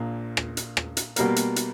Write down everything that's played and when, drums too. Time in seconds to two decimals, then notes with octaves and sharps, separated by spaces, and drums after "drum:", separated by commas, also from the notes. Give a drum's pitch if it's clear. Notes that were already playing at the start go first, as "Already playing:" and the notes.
Already playing: A#1 A#2 A#3
0.37 drum: rim click
0.57 drum: hi-hat
0.77 drum: rim click
0.97 drum: hi-hat
1.16 B2 G3 A#3, drum: hi-hat
1.36 drum: hi-hat
1.56 drum: hi-hat